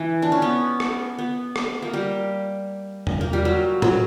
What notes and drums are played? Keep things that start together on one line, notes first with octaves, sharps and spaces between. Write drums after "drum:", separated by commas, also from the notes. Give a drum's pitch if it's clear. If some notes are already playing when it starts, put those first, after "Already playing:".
Already playing: E3
D4
C#4
B3
drum: rim click
B3
drum: rim click
A#3
G3
drum: tom E2
A#3
G3
F#3
F#3, drum: tom A2